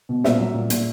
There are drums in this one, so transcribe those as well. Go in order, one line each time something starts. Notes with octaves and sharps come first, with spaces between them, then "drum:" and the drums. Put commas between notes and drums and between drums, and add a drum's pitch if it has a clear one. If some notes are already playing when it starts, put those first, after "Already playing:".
B2
A#2 E5, drum: snare
F#3
A#2
A#2, drum: hi-hat